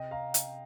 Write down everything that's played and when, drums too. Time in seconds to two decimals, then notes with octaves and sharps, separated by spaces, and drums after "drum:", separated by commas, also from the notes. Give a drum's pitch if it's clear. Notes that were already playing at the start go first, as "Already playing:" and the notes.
Already playing: C3 D#5 G5
0.11 F5 A#5
0.34 drum: hi-hat